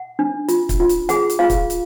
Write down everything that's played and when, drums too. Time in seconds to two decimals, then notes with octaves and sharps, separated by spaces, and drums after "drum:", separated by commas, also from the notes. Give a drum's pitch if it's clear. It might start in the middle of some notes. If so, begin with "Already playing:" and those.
Already playing: F#5
0.19 D4
0.48 F4, drum: hi-hat
0.69 drum: kick, hi-hat
0.80 F4
0.89 drum: hi-hat
1.09 G#4 F#5, drum: hi-hat
1.30 drum: hi-hat
1.39 F4 F5
1.50 drum: kick, hi-hat
1.70 drum: hi-hat